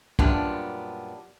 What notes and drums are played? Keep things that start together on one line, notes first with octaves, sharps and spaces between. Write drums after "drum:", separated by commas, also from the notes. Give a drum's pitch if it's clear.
F#2 A#2 G3 B3 D4 F4, drum: kick